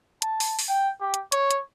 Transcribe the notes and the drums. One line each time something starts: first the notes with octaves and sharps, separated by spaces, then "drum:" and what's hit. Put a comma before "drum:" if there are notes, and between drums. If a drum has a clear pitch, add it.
A5, drum: hi-hat
drum: open hi-hat
drum: open hi-hat
G5
G4
drum: hi-hat
C#5, drum: hi-hat
drum: hi-hat